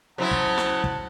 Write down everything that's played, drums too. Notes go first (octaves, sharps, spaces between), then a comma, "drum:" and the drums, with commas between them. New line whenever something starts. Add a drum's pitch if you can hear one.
C#3 F#3 E4 C5 F#5 A5
drum: kick
drum: snare
drum: kick